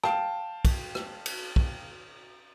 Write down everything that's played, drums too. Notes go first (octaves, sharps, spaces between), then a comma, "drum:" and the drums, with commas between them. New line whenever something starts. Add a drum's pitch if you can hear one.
F5 G5 A5, drum: rim click
drum: kick, cymbal
drum: rim click
drum: cymbal
drum: kick